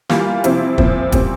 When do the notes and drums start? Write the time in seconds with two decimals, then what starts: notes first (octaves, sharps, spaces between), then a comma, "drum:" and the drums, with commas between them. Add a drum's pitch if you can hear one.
0.10 E3 G3 A#3 F4, drum: snare
0.44 C3 F3 C4 E4, drum: hi-hat
0.78 A#2 F3 C4, drum: kick
1.12 A#2 G3 C4, drum: kick, hi-hat